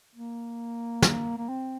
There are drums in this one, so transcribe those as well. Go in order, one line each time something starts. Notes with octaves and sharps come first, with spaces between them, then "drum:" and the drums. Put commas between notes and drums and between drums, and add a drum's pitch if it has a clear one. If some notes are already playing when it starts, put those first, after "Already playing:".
A#3
drum: snare
A#3
C4